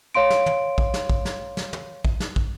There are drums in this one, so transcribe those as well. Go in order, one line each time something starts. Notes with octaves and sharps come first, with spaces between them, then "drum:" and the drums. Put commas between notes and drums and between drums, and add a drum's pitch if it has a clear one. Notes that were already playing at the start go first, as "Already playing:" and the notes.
C#5 F5 C6 D7
drum: snare
drum: tom
drum: kick
drum: snare
drum: kick
drum: snare
drum: snare
drum: tom
drum: kick
drum: snare
drum: kick